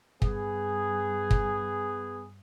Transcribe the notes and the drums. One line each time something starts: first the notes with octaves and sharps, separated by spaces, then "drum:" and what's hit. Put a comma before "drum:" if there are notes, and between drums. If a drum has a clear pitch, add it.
G2 B3 G#4, drum: kick
drum: kick